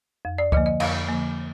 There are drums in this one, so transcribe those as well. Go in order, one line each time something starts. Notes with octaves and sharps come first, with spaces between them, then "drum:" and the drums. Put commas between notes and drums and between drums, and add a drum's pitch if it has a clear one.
F2
D5
D3 F3 A#3 D#5, drum: kick C#2
D#5
F2 F5, drum: cymbal
D3 F3 A#3